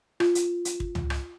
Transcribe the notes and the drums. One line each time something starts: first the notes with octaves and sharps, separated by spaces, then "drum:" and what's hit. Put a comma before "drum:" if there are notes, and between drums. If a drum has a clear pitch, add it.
F4, drum: rim click
drum: hi-hat
drum: hi-hat
drum: kick
drum: tom C#2
drum: rim click